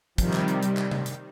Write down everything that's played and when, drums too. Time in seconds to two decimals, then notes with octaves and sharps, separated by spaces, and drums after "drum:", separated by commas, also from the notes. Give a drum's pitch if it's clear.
0.18 C3 D#3 F3 G3, drum: kick, hi-hat
0.33 drum: clap
0.48 drum: hi-hat
0.63 G3, drum: hi-hat
0.77 drum: clap
0.91 drum: tom C3
1.06 drum: hi-hat